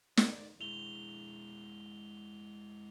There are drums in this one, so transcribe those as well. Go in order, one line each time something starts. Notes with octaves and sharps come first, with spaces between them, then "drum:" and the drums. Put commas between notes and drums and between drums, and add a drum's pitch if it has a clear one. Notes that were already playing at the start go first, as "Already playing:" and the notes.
D5, drum: snare
G#3 E4 F7 G7